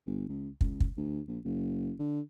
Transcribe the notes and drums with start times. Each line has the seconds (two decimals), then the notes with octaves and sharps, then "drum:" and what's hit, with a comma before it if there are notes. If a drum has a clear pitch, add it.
0.06 G1
0.28 C#2
0.61 C#2, drum: kick
0.80 drum: kick
0.97 D2
1.28 A#1
1.45 F#1
1.99 D3